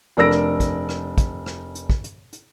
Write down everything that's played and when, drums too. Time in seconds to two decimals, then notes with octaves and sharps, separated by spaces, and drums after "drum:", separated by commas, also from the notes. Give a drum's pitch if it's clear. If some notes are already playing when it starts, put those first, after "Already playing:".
0.17 F1 D4 A#4 E6 A#6 D7
0.31 drum: rim click
0.60 drum: kick, hi-hat
0.89 drum: rim click
1.18 drum: kick, hi-hat
1.46 drum: rim click
1.75 drum: hi-hat
1.90 drum: kick
2.04 drum: hi-hat
2.33 drum: hi-hat